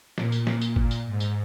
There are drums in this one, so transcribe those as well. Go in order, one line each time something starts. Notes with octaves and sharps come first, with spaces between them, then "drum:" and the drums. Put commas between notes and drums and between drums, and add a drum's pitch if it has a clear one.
A#2, drum: snare
drum: tambourine
drum: snare
drum: tambourine
drum: kick G1
drum: tambourine
G#2
drum: tambourine